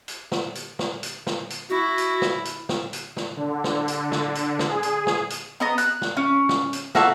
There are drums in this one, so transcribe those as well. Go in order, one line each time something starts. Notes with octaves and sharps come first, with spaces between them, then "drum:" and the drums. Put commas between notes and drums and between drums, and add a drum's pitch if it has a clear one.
drum: hi-hat
drum: snare
drum: hi-hat
drum: snare
drum: hi-hat
drum: snare
drum: hi-hat
E4 F#4
drum: hi-hat
drum: snare
drum: hi-hat
drum: snare
drum: hi-hat
drum: snare
D3
drum: snare
drum: hi-hat
drum: snare
drum: hi-hat
drum: snare
G#4
drum: hi-hat
drum: snare
drum: hi-hat
B3 D#5 A#5
F#6, drum: hi-hat
drum: snare
C#4
drum: snare
drum: hi-hat
A#3 E4 F#4 A4, drum: snare